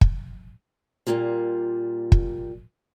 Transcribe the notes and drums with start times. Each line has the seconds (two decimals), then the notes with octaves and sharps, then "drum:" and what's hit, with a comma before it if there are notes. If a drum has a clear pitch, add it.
0.01 drum: kick
1.07 A#2 G3 G#3 A#3 F4
2.12 drum: kick